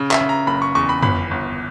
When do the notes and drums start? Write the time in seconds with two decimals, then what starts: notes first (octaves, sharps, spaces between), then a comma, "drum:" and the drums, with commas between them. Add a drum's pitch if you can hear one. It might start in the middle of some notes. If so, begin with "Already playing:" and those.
Already playing: C#3
0.11 E5, drum: clap
0.21 C#3
0.29 A#5
0.47 F#1 B5
0.62 C#6
0.75 E2 C#6
0.89 B5
1.02 G1 B5, drum: tom
1.31 G1